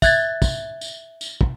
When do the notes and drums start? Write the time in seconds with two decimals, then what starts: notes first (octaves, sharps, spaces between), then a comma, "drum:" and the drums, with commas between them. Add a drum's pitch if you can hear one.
0.02 E5 F#6 G#6 A6, drum: kick, tambourine
0.42 drum: kick, tambourine
0.81 drum: tambourine
1.21 drum: tambourine
1.41 drum: kick